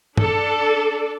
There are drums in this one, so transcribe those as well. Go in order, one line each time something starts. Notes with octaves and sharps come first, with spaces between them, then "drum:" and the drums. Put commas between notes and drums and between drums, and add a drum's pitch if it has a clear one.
D4 A4 D5, drum: tom G2